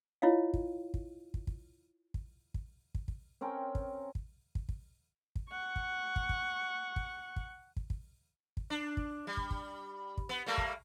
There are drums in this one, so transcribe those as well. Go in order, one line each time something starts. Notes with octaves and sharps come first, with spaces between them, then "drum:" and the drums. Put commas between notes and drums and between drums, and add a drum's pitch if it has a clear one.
E4 F4 C#5 D#5 F5
drum: kick
drum: kick
drum: kick
drum: kick
drum: kick
drum: kick
drum: kick
drum: kick
C4 C#4 A#4 G5
drum: kick
drum: kick
drum: kick
drum: kick
drum: kick
F#5 C#6
drum: kick
drum: kick
drum: kick
drum: kick
drum: kick
drum: kick
drum: kick
drum: kick
D4
drum: kick
G3
drum: kick
drum: kick
drum: kick
B3
G3 A3 A#3
drum: kick